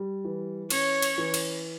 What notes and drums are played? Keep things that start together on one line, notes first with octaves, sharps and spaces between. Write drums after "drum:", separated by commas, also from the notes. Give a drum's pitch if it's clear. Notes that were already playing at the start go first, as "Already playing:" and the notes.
Already playing: G3
E3
C#4 C#5, drum: cymbal
drum: cymbal
E3
drum: cymbal